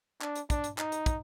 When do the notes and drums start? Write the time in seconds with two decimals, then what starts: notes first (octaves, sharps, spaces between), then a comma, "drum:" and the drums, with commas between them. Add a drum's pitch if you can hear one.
0.21 D4, drum: clap
0.36 drum: hi-hat
0.50 D4, drum: kick, hi-hat
0.64 drum: hi-hat
0.78 D#4, drum: clap
0.92 drum: hi-hat
1.06 drum: kick, hi-hat